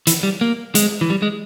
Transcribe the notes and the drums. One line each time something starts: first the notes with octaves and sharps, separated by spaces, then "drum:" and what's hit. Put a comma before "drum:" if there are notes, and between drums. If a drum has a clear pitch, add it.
E3, drum: hi-hat
G3
A#3
G#3, drum: hi-hat
E3
G3
G#3